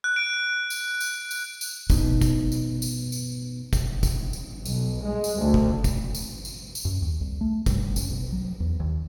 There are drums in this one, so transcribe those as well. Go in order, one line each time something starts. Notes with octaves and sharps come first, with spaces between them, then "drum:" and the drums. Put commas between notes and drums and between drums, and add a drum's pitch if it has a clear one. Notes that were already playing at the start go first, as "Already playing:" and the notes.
F#6
D7
drum: tambourine
drum: tambourine
drum: tambourine
drum: tambourine
B2 D#4, drum: kick, tambourine
drum: kick, tambourine
drum: tambourine
drum: tambourine
drum: tambourine
drum: kick, tambourine
drum: kick, tambourine
drum: tambourine
B1, drum: tambourine
G#3
drum: tambourine
D2
drum: kick
drum: kick, tambourine
drum: tambourine
drum: tambourine
drum: tambourine
F#2
D#2
C2
A3
G2, drum: kick, tambourine
F#1, drum: tambourine
B1
F#3
E2
D#2